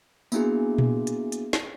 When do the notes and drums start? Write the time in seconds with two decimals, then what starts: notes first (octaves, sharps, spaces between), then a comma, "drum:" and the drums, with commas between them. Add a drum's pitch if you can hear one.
0.32 A#3 B3 D4 E4 F#4 G#4, drum: tambourine
0.78 drum: tom A#2
1.07 drum: hi-hat
1.32 drum: hi-hat
1.53 drum: snare